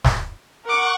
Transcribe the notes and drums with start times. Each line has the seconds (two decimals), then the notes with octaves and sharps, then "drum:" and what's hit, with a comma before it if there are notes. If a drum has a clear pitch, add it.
0.04 drum: snare
0.65 A#4 F#5 C#6 D6